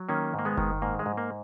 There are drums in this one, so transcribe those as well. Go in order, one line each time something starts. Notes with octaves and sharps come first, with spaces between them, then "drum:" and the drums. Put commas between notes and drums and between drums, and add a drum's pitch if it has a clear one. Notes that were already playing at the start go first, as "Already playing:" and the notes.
Already playing: F#3
D#3 A#3 C#4
G#2 A#3
G#3 B3
D#3, drum: kick F#1
G#2 A#3
G#3
G#2
A#3